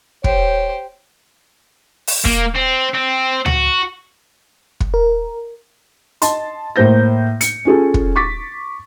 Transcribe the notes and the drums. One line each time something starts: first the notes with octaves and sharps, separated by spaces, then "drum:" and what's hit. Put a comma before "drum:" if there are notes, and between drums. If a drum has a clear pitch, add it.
G4 C5 C#5, drum: kick
drum: open hi-hat
A#3, drum: kick
C4
C4
F#4, drum: tom C#2
drum: kick
A#4
D#5 A5 C6, drum: hi-hat
A2 A#3 C5 G6 A#6
C#7, drum: hi-hat
C#4 F4 G#4 A4
drum: kick
C#6 D6 A6 B6